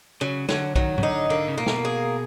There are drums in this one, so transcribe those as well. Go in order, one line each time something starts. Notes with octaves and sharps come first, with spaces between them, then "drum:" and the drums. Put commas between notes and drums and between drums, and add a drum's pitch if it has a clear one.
C#3 F#3
D3 F#3, drum: snare
D#3 F#3, drum: kick B1
C#3, drum: tom G#2
D3 D#4
D3 A#3
C#3
A#2 A#3
B2, drum: snare
G#4